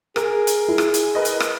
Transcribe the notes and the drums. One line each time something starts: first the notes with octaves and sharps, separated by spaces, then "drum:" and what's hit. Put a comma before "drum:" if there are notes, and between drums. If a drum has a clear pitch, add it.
G#4 A#4, drum: rim click
drum: hi-hat
E4
drum: rim click
drum: hi-hat
A#4 B4 D#5
drum: hi-hat
drum: rim click